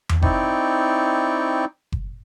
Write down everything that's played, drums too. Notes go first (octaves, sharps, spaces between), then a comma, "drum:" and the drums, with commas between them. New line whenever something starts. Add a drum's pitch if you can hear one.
drum: tom E2
C4 D#4 E4 D5 G5 C#6, drum: kick F#1
drum: kick F#1